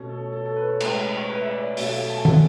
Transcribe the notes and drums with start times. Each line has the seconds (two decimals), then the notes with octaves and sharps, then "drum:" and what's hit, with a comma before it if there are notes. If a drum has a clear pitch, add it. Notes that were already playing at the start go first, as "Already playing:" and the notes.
Already playing: B2 A3 C#4 C#5
0.09 A4
0.32 A4
0.46 A4
0.56 B4
0.69 C#5
0.80 A2 G#3 C#4 B4, drum: cymbal
1.17 C#5
1.29 B4
1.41 E5
1.53 D5
1.77 B2 F#3 A3 C#4 E5, drum: open hi-hat
2.10 A5
2.17 G#5
2.25 F#5, drum: tom